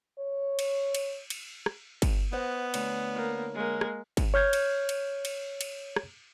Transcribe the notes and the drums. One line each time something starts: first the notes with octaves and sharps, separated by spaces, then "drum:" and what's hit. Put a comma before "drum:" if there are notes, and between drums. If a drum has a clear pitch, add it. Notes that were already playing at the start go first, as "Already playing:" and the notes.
C#5
drum: cymbal
drum: cymbal
drum: cymbal
drum: rim click
drum: kick G1, cymbal
B3 C5 D#5 F#5
D2 C#5, drum: cymbal
A#3
G#3 A#3
drum: rim click
drum: kick G1, cymbal
C#5 F6 G6 G#6
drum: cymbal
drum: cymbal
drum: cymbal
drum: cymbal
drum: rim click